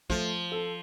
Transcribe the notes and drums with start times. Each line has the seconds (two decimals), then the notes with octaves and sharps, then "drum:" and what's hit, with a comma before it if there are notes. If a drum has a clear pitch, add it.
0.10 F3 A3, drum: kick
0.52 A4